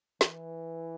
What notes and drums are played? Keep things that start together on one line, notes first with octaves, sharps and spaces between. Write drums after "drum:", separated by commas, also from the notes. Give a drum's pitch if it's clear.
E3, drum: snare